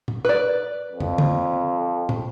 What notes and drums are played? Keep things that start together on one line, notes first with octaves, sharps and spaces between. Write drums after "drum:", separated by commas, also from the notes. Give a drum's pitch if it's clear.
drum: tom A#2
B4 D5
F2
drum: tom
drum: tom
drum: tom